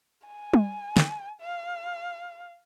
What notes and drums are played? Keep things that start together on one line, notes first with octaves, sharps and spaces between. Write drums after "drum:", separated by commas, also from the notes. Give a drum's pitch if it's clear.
G#5
drum: tom
drum: snare
F5